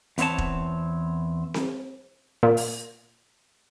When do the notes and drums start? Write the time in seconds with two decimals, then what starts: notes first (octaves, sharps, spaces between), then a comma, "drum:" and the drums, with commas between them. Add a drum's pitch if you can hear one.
0.18 E2 B3 C4 C#5 A5, drum: hi-hat
0.38 drum: kick E1
1.54 drum: snare C4
2.43 A#2
2.57 drum: open hi-hat